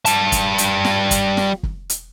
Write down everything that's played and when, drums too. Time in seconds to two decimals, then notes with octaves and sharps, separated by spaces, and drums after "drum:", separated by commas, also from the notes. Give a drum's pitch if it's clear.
0.06 G3 A5, drum: hi-hat
0.32 drum: kick, hi-hat
0.58 drum: hi-hat
0.85 drum: snare
1.11 drum: kick, hi-hat
1.37 drum: snare
1.63 drum: kick
1.90 drum: hi-hat